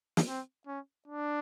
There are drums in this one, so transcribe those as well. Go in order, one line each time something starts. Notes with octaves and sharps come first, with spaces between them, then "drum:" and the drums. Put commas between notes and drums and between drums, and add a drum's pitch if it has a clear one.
drum: snare
C4
C#4
D4